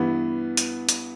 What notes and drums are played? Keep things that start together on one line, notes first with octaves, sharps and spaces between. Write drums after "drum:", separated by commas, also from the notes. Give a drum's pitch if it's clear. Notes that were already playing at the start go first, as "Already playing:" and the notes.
Already playing: G2 E3 B3
drum: hi-hat
drum: hi-hat